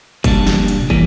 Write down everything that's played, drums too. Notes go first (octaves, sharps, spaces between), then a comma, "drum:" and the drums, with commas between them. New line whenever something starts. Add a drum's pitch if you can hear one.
C2 A#2 G3 D4, drum: kick, hi-hat
drum: snare
drum: hi-hat
E3 G3 A#3, drum: kick